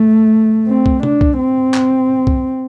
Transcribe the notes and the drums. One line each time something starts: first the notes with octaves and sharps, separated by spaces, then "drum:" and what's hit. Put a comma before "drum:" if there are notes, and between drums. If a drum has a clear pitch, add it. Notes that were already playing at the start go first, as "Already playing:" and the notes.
Already playing: A3
C4
drum: kick C2
D4, drum: tom C3
drum: kick C2
C4
drum: clap
drum: kick C2